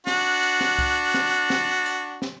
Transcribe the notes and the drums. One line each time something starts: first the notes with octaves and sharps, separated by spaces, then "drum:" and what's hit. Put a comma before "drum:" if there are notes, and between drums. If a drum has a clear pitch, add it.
D4 F#4, drum: snare
drum: hi-hat
drum: snare
drum: kick C2, hi-hat
drum: snare
drum: snare
drum: hi-hat
drum: snare